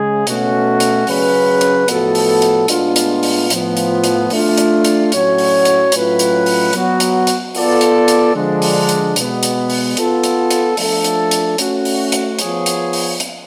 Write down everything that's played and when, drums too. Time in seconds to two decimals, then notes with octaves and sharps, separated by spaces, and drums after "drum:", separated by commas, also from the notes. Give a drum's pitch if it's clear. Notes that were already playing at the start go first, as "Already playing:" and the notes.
Already playing: C#3 G#3 G#4
0.27 B2 A3 C#4 F#4, drum: hi-hat
0.80 drum: hi-hat
1.07 C#3 F#3 C#4 G#4 B4, drum: open hi-hat
1.61 drum: hi-hat
1.88 A2 F3 B3 F#4 A4, drum: hi-hat
2.15 drum: open hi-hat
2.42 drum: hi-hat
2.68 A2 G#3 B3 D4 F4, drum: hi-hat
2.96 drum: hi-hat
3.23 drum: open hi-hat
3.50 A2 F3 B3 F4, drum: hi-hat
3.77 drum: hi-hat
4.04 drum: hi-hat
4.30 A3 D4 F4, drum: open hi-hat
4.58 drum: hi-hat
4.84 drum: hi-hat
5.12 A2 F#3 C#4 F#4 C#5, drum: hi-hat
5.38 drum: open hi-hat
5.65 drum: hi-hat
5.92 A2 F#3 C#4 F4 B4, drum: hi-hat
6.19 drum: hi-hat
6.46 drum: open hi-hat
6.73 F#3 B3 F#4, drum: hi-hat
7.00 drum: hi-hat
7.27 drum: hi-hat
7.55 B3 F4 A4 D5, drum: open hi-hat
7.81 drum: hi-hat
8.08 drum: hi-hat
8.35 D3 F3 G#3 D4
8.62 drum: open hi-hat
8.89 drum: hi-hat
9.16 B2 G#3 B3, drum: hi-hat
9.43 drum: hi-hat
9.70 drum: open hi-hat
9.97 B3 F4 A4, drum: hi-hat
10.24 drum: hi-hat
10.50 drum: hi-hat
10.77 F3 A3 D4 F4 A4, drum: open hi-hat
11.04 drum: hi-hat
11.31 drum: hi-hat
11.58 A3 C#4 F#4, drum: hi-hat
11.85 drum: open hi-hat
12.12 drum: hi-hat
12.39 F3 B3 F4 G#4 C#5, drum: hi-hat
12.66 drum: hi-hat
12.93 drum: open hi-hat
13.20 drum: hi-hat